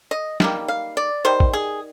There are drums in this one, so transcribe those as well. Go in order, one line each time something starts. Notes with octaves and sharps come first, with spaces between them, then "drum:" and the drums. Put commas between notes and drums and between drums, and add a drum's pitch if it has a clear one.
D#5
D#3 G3 A#3, drum: snare
F5
D5
D#3 G3 C5
drum: kick A1
G#4